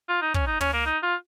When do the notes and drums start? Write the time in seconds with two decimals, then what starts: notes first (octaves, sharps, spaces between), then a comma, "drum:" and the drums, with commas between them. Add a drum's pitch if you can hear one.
0.09 F4
0.22 D#4
0.34 C#4, drum: kick
0.47 D#4
0.61 C#4, drum: tom
0.73 A#3
0.86 D#4
1.03 F4